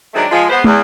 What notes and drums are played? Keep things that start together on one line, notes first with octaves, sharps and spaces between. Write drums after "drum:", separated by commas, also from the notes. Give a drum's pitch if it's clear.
D#3 F#3 G#3 A3 C4 D4
F3 G#3
G#3 B3 C5
E2, drum: tom